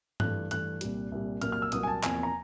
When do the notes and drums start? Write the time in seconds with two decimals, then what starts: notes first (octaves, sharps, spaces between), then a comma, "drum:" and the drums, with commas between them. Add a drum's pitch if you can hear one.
0.20 G2 E3 A3 F#6, drum: tom G#2
0.51 G2 E3 A3 F#6, drum: hi-hat
0.81 C2 A#2 G3, drum: hi-hat
1.12 C2 A#2 G3
1.41 C2 A#2 F#3 A#3 F6, drum: hi-hat
1.52 F6
1.62 E6
1.72 C2 A#2 F#3 A#3 D#6, drum: hi-hat
1.83 G#5
1.87 A5
2.03 E2 C3 F3 A#3 G#5, drum: clap
2.23 A#5